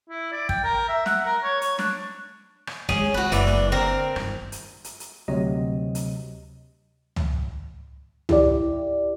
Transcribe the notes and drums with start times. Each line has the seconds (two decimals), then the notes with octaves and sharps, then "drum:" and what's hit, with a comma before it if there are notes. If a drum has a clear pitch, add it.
0.10 E4
0.32 D5
0.49 G5, drum: kick
0.64 A#4
0.88 E5
1.06 F#5, drum: snare
1.26 A#4
1.43 C#5
1.62 C#5, drum: hi-hat
1.79 D4, drum: snare
2.67 drum: rim click
2.89 D#3 G#3 C#4 G#4, drum: kick
3.14 C4 F#4 B4
3.32 F#1 E3 D4, drum: hi-hat
3.47 drum: snare
3.72 D3 C4 A#4
4.16 G1 D#3, drum: rim click
4.52 drum: hi-hat
4.84 drum: hi-hat
5.00 drum: hi-hat
5.28 D2 C3 F#3 D#5
5.95 drum: hi-hat
7.16 drum: tom C#2
8.29 E4 G4 D5, drum: tom C#2